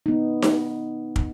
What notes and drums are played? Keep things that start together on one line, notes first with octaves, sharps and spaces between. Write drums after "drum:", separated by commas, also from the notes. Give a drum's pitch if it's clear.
B3 D#4
drum: snare D#4
drum: kick